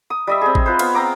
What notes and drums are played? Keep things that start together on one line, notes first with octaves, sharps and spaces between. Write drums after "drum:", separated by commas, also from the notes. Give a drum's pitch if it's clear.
D#6
G3 D#5 E5
C4 G#4
drum: kick A1
F4 B4 C5
B3 F5, drum: cymbal
C4 A#5 D6